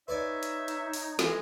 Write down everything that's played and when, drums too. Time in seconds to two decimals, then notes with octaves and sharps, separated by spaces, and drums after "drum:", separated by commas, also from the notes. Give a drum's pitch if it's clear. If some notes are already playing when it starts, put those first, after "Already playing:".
0.08 D#4 B4 C#5 D5 E5 G#5
0.43 drum: hi-hat
0.68 drum: hi-hat
0.93 drum: open hi-hat
1.19 E3 G#3 A4, drum: snare